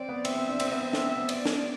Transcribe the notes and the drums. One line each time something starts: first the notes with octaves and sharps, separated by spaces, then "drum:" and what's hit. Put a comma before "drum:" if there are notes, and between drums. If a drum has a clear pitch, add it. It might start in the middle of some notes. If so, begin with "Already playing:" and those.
Already playing: C4 D5
B3
C4 E5, drum: cymbal
C4
D4
C4, drum: cymbal
B3
C4
C4 E5, drum: snare
C4
B3
D5, drum: cymbal
drum: snare